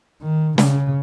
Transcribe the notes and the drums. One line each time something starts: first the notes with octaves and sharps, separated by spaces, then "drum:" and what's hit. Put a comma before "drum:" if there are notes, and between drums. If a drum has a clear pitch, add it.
D#3
C#3, drum: snare